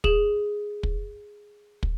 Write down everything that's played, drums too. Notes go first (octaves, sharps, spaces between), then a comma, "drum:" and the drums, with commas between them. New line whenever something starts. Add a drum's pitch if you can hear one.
G#4 E7 F#7, drum: kick
drum: kick
drum: kick